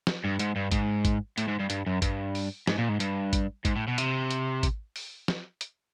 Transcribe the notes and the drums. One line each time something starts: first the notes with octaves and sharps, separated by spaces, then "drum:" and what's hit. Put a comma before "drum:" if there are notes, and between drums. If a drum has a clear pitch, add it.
drum: snare
G2
G#2, drum: hi-hat
G2
G#2, drum: kick G#1, hi-hat
drum: kick G#1, hi-hat
A2, drum: hi-hat
G#2
G2
G2, drum: hi-hat
F#2
G2, drum: kick G#1, hi-hat
drum: open hi-hat
G#2, drum: snare
A#2
G#2
G2, drum: hi-hat
drum: kick G#1, hi-hat
G#2, drum: kick G#1, hi-hat
A2
B2
C3, drum: hi-hat
drum: hi-hat
drum: kick G#1, hi-hat
drum: open hi-hat
drum: snare
drum: hi-hat